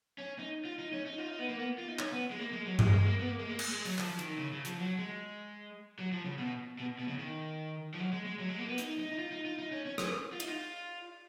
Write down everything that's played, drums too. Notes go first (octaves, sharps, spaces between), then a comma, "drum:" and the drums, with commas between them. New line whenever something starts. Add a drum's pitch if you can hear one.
C#4
D#4
F4
D#4
C#4
D#4
F4
D#4
B3
A#3
B3
F4
D#4
C#4, drum: clap
B3
G#3
A#3
G#3
F#3
G#3, drum: tom G2
G#3
A#3
B3
A#3
G#3
A#3
G#3, drum: cymbal
G#3
F#3, drum: open hi-hat
F3, drum: clap
D#3, drum: hi-hat
C#3
C#3
F3, drum: hi-hat
F#3
G#3
F#3
F3
C#3
B2
B2
B2
C#3
D#3
F3
F#3
G#3
G#3
F#3
G#3
A#3
B3
D#4, drum: hi-hat
D#4
D#4
F4
D#4
F4
D#4
C#4
C#4
C#4, drum: rim click
F4
D#4, drum: cymbal
F4